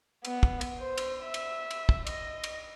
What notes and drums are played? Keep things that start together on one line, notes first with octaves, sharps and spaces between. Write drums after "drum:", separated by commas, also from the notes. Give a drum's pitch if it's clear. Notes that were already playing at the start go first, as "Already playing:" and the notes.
B3, drum: cymbal
drum: kick
drum: cymbal
C5
drum: cymbal
E5
drum: cymbal
drum: cymbal
drum: kick
D#5, drum: cymbal
drum: cymbal